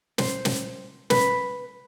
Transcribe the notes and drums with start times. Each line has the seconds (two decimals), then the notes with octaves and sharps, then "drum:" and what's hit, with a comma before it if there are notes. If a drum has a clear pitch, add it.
0.18 C5, drum: snare
0.45 drum: snare
1.10 B4, drum: snare